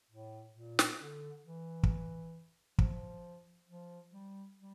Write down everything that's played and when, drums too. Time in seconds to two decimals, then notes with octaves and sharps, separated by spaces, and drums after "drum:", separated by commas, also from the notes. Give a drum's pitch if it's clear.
0.10 A2
0.55 A#2
0.79 drum: snare
1.00 D3
1.44 E3
1.83 drum: kick
2.78 F3, drum: kick
3.68 F3
4.13 G3
4.59 G3